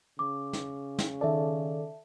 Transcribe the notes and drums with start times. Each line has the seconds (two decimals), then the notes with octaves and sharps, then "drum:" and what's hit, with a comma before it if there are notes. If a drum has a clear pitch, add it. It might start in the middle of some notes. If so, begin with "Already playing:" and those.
0.19 C#3 D6
0.53 drum: snare
0.99 drum: snare
1.21 D#3 A4 D5 E5 A5